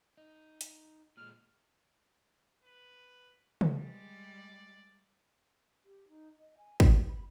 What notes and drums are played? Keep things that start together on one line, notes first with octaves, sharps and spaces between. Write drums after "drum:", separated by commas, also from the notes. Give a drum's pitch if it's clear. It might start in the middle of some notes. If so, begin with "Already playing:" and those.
D#4
drum: hi-hat
A#2 G#3 F6
B4
drum: tom
G3 G#3 D5
G4
D#4
D#5
G#5
C5, drum: kick
B5